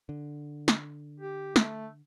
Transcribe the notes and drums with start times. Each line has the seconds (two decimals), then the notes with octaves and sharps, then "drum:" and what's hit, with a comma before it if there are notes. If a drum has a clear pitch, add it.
0.09 D3
0.68 drum: snare
1.20 G4
1.56 A3, drum: snare